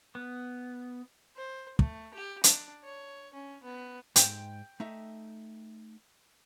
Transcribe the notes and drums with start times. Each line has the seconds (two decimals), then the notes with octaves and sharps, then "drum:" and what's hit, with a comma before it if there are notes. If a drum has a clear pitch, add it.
0.15 B3
1.36 C5
1.79 A3, drum: kick
2.14 G4
2.44 D4, drum: hi-hat
2.84 C#5
3.34 C#4
3.63 B3
4.16 G#2 G5, drum: hi-hat
4.80 A3 D#4 E5